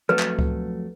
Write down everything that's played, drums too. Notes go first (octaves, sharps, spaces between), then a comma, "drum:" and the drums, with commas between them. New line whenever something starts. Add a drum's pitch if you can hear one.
F2 F#3 A3 B4
drum: clap
drum: kick C#2